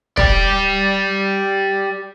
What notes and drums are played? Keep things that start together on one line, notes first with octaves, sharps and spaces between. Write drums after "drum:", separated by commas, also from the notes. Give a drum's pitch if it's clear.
G4 D5, drum: kick